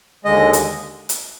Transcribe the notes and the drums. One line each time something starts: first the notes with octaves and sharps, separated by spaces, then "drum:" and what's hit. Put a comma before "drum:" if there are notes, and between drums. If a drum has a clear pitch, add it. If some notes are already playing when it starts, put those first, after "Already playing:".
D#2 D3 G#3 D#5
drum: hi-hat
drum: hi-hat